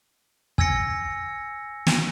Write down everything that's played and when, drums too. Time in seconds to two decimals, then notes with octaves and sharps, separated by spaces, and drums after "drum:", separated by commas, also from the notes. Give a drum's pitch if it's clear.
0.58 G#5 E6 G#6 A#6 C#7, drum: kick
1.87 drum: snare